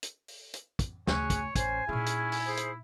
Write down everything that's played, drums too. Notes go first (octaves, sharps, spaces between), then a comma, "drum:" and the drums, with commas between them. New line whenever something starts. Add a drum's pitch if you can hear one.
drum: hi-hat
drum: open hi-hat
drum: hi-hat
drum: kick, hi-hat
D2 C#3 C#4 G#4 C#5 G#5 F#6, drum: snare
drum: kick, hi-hat
A1 C#4 C5 G#5, drum: kick, hi-hat
A#2 C#4 D#4 E4 G#4 F6
drum: hi-hat
drum: open hi-hat
G#4 C5 D#6
drum: hi-hat